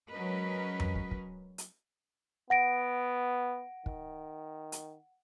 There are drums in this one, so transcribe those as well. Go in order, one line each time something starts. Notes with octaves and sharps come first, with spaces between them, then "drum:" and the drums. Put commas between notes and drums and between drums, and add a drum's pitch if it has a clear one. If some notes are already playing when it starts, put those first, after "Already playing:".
F#3 G#3 C#4 A#4 B4 D#5
drum: tom F2
drum: kick
drum: kick
drum: hi-hat
B3 F#5 A#6 D7
D#3, drum: kick
drum: hi-hat